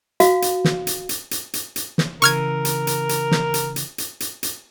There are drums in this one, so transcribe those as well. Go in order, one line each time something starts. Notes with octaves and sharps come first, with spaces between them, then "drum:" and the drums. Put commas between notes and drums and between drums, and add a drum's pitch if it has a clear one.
F#4 F5, drum: hi-hat
drum: hi-hat
drum: snare
drum: hi-hat
drum: hi-hat
drum: hi-hat
drum: hi-hat
drum: hi-hat
drum: snare
C#3 E3 A#4 C#6 F6 G#6, drum: hi-hat
drum: hi-hat
drum: hi-hat
drum: hi-hat
drum: snare
drum: hi-hat
drum: hi-hat
drum: hi-hat
drum: hi-hat
drum: hi-hat